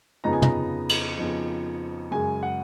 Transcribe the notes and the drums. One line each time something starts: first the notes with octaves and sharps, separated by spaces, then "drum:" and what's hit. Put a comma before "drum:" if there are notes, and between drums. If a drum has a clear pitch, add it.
F2 C#3 F3 B3 D#4 A#5
G#5
A#5, drum: tom
drum: cymbal
F2 C#3 F3 B3 D#4
F#2 C#3 G#3 G#5
F#5